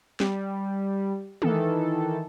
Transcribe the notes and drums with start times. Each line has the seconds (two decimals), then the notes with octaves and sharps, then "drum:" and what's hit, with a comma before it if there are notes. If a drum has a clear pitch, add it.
0.20 G3, drum: snare
1.42 D#3 E3 A4, drum: tom